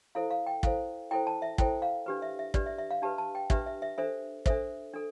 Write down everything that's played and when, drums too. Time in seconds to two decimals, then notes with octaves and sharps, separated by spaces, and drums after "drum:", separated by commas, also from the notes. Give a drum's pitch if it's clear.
0.15 E4 A4 C5 F5
0.30 F5
0.47 G5
0.63 E4 A4 C5 F5, drum: kick
1.11 E4 A4 C5 G5
1.27 A5
1.42 E5
1.58 E4 A4 C5 G5, drum: kick
1.82 F5
2.06 D4 G4 B4
2.22 E5
2.39 E5
2.54 D4 G4 B4 D5, drum: kick
2.66 E5
2.78 E5
2.91 F5
3.02 D4 G4 B4 A5
3.18 A5
3.35 G5
3.50 D4 G4 B4 E5, drum: kick
3.66 E5
3.82 E5
3.98 D4 A4 C5 E5
4.46 D4 A4 C5 E5, drum: kick
4.94 D4 A4